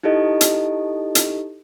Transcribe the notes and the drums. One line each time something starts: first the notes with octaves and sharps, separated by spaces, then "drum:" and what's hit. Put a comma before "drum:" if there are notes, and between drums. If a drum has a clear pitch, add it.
D#4 E4 G4 A4 D#5
drum: hi-hat
drum: hi-hat